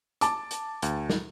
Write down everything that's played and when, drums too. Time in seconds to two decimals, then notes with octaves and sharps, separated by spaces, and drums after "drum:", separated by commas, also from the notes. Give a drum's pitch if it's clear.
0.21 A5 D6, drum: hi-hat
0.51 drum: hi-hat
0.82 D2, drum: hi-hat
1.10 drum: snare